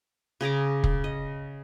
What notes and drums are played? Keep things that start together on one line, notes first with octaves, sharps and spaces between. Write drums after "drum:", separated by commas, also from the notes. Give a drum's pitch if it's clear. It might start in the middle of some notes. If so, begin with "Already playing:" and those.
C#3 G#4 A#5 D6
drum: kick
D#5